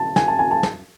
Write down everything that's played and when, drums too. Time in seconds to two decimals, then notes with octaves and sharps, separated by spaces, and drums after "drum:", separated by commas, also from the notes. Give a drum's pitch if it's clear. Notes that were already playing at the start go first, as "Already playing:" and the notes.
Already playing: A5
0.16 G#5, drum: snare
0.28 A5
0.39 G#5
0.51 A5
0.63 drum: snare